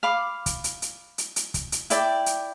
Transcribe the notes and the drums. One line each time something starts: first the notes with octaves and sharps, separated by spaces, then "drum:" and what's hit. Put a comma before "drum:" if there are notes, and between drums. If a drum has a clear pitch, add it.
F5 B5 D6
drum: kick, hi-hat
drum: hi-hat
drum: hi-hat
drum: hi-hat
drum: hi-hat
drum: kick, hi-hat
drum: hi-hat
E4 D5 G5, drum: hi-hat
drum: hi-hat